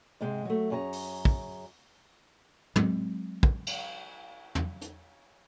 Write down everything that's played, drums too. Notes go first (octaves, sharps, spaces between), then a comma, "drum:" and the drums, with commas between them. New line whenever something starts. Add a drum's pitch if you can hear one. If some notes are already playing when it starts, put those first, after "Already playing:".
G#2 C3 G#3
F#3 A3
F#2 G#4 C#5 G#5 A#5
drum: open hi-hat
drum: kick
F#3 G#3 C4, drum: tom
drum: kick
drum: cymbal
drum: tom
drum: hi-hat